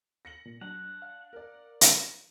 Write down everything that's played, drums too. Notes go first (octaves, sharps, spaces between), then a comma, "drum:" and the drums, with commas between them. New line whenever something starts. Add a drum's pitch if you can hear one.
A#6 C#7 F#7
A#2
F#3 D4 F#5
F5
A#4 D5
drum: hi-hat